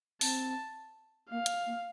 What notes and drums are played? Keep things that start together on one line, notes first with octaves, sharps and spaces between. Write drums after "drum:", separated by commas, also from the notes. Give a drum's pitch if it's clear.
C4 A5, drum: open hi-hat
A#3 F5
drum: hi-hat
A#3